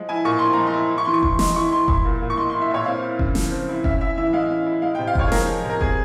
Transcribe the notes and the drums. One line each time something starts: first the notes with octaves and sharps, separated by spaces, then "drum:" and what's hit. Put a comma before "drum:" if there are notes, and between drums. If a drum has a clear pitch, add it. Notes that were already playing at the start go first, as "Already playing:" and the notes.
Already playing: F3 G#3
E4 G#5
A#2 C#6
F3 C6
G#3 A#5
C6
E4
E4
C#6
E3 C6
C#6
E3, drum: kick F1
G#3 C6, drum: snare
E4 C#6
E3 C6
E4, drum: kick F1
A#2
A#2
C#6
G#3 C6
C6
E4
E5
A#2 C#5
C4 F5
E4
C#3, drum: kick F1
F3, drum: snare
C4
E4
C#4 E5, drum: kick F1
E4 E5
E3 E5
G#3 F5
C#4
E4
G#3 F5
G5
C3
F5
C3 C#5, drum: kick F1
G#4
F3 A#4, drum: snare
G#3
C3
A#4
C4 G#4, drum: kick F1